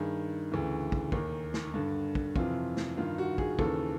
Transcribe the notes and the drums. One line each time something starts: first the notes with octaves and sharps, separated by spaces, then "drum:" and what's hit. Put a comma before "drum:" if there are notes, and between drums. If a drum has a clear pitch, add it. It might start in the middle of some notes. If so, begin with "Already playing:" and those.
Already playing: G2 D#3 G#4
D2 C#3 E3
drum: kick
D#2 D#3, drum: kick
drum: snare
G2 D3
drum: kick
F2 C3 E3 F4, drum: kick
drum: snare
G2 D#3 F4
F#4
G#4, drum: kick
D#2 C#3 E3 A4, drum: kick